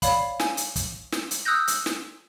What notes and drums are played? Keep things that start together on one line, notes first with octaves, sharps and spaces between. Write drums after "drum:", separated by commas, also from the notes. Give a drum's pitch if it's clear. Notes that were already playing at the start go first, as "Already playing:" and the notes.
C#5 D5 F5 B5, drum: kick, hi-hat
G#5, drum: snare
drum: hi-hat
drum: kick, hi-hat
drum: snare
drum: hi-hat
D#6 E6 F#6 G6 A#6
drum: hi-hat
drum: snare